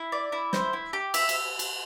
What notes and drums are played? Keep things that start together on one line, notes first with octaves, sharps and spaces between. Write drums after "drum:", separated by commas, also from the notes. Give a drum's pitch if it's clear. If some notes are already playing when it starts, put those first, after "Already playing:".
Already playing: E4
D5
E4
C5, drum: snare
E4
G4
E5, drum: cymbal
drum: cymbal
drum: cymbal